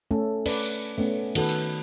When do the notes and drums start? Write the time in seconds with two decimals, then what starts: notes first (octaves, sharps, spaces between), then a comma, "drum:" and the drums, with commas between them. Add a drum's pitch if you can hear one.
0.11 A3 C#4 A4
0.46 C#4 B4 D5, drum: cymbal
0.65 drum: tambourine
0.98 A3 B3 C#4
1.35 D#3 F#4 A4 B4, drum: cymbal
1.49 drum: tambourine